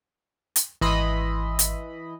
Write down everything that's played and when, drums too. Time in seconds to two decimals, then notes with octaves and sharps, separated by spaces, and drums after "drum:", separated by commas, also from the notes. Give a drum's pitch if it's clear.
0.56 drum: hi-hat
0.81 G#1 E3 D#5 B5 C6 E6
1.59 drum: hi-hat